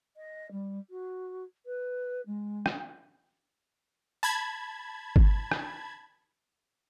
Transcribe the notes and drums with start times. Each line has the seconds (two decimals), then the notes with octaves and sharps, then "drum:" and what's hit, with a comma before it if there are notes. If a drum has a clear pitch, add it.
0.16 D#5
0.51 G3
0.90 F#4
1.66 B4
2.26 G#3
2.66 drum: rim click
4.23 A5 B5 G#6
5.16 drum: kick G1
5.51 drum: rim click